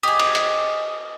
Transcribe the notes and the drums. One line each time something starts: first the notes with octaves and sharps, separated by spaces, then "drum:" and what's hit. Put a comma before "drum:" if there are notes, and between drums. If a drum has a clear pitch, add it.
G4 G#4 D#5 D#6
drum: cymbal
drum: hi-hat